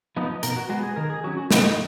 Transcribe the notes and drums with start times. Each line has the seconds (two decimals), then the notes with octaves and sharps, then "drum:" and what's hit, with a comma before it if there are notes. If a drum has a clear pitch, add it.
0.17 F3 B3 D#4
0.43 B2 A#4, drum: hi-hat
0.56 F#4
0.69 G#3 B3 F#4
0.83 G#4
0.96 D#3 A#4
1.10 G#4
1.24 F#3 C#4 F#4
1.37 F#4
1.51 B2 D#4, drum: snare